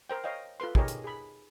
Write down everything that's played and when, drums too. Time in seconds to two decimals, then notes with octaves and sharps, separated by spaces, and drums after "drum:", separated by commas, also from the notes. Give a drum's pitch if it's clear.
0.10 A#4 C5 G5
0.24 C#5 D#5 F5 G5
0.60 F4 A4 B4 C6
0.75 D#4 G4 G#4 A#4 C#5 D#5, drum: kick
0.88 drum: hi-hat
1.04 G#4 B5